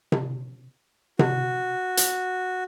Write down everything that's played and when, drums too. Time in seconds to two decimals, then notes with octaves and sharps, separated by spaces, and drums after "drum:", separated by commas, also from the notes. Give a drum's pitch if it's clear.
0.12 drum: tom C3
1.19 F#4, drum: tom C3
1.97 drum: hi-hat